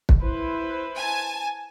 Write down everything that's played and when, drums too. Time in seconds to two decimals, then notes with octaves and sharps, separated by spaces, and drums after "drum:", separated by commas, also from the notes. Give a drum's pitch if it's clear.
0.09 drum: kick
0.21 E4 B4 C5
0.96 G#5 A5